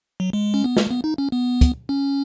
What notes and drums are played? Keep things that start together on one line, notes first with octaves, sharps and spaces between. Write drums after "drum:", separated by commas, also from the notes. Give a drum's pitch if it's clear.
F#3
G#3
C#4
B3
G#3, drum: snare
B3
D#4
C#4
B3
drum: kick, hi-hat
C#4